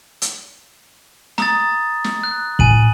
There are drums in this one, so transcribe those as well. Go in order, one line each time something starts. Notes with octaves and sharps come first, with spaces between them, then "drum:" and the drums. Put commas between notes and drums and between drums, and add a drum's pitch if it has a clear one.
drum: hi-hat
A#5 D#6 A6, drum: snare
drum: snare
F#6
A2 G#5 D#7 F#7, drum: kick